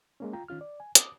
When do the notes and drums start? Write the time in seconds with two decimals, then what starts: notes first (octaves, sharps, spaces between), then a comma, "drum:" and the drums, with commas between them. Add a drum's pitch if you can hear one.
0.20 G#3 A#3 C#4
0.33 F4 G5 A#5
0.48 D#3 C#4 F4 F6
0.61 D5
0.80 G#5
0.95 D6 D#6, drum: hi-hat